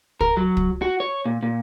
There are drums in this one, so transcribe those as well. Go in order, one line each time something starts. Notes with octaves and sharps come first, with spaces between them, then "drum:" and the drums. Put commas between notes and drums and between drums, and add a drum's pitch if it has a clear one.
A#4, drum: kick
F#3
drum: kick
F#4
C#5
A#2
A#2